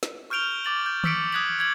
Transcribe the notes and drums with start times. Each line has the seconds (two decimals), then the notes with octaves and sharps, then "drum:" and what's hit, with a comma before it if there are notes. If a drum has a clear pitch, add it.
0.03 drum: snare
0.30 C#6 F6 G6 D7 F7 G7
0.65 D6 A6 F#7
0.86 G6
1.04 C#6 E6 B6 C#7 D7, drum: tom D#3
1.32 D#6 F#6 G#6 B6 F#7
1.59 G6 G#6 F#7